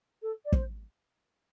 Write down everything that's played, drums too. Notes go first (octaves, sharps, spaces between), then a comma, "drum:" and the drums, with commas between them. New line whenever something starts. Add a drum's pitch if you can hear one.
A4
D5
C5, drum: kick